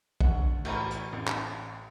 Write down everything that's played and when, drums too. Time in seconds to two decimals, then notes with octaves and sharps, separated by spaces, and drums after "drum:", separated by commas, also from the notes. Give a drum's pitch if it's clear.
0.21 D2 F#5, drum: kick
0.65 A2 E3 A#5 B5, drum: cymbal
0.91 drum: hi-hat
1.13 A1
1.28 drum: clap